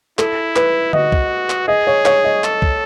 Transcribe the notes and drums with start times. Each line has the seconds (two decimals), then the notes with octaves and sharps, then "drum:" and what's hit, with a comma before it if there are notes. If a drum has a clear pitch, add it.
0.19 E4 A4, drum: clap
0.56 B4, drum: clap
0.93 F#4 D#5, drum: tom D3
1.12 drum: kick
1.50 drum: clap
1.68 G#4 D#5
1.87 C#5
2.05 C#5, drum: clap
2.24 D#5
2.44 A4, drum: clap
2.62 drum: kick